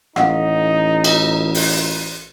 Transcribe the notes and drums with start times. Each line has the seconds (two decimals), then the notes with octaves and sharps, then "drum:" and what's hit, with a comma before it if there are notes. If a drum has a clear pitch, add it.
0.16 A1 D#4 A4 F5 F#5, drum: rim click
1.04 drum: cymbal
1.54 drum: open hi-hat